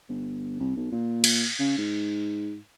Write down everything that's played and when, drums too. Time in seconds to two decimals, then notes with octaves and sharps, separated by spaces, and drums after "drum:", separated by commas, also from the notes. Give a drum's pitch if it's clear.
0.09 G1
0.59 C2
0.76 B1
0.92 A#2
1.24 drum: cymbal
1.59 C#3
1.78 G#2